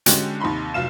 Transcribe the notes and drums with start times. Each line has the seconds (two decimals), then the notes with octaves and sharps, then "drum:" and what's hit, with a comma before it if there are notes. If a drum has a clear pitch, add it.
0.06 D3 G#3 C#4 F#4 G4, drum: hi-hat
0.40 D#2 C3 D#4 B5 C6
0.74 F1 F#3 F4 F5 E7